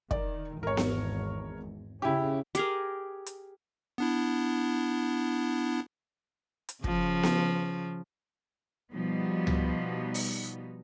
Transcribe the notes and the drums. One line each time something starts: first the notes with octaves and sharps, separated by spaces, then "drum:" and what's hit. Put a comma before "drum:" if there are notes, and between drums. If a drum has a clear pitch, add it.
D#3 D5, drum: kick
G#1 E2 A#4 C#5
drum: snare B3
C#3 C#4 E4 G4
G4 G#4 A#4, drum: hi-hat
drum: hi-hat
B3 D4 E4
drum: hi-hat
C#3 F3, drum: kick
drum: snare B3
B2 F3 G3 B3 D#4
drum: tom C#2
drum: open hi-hat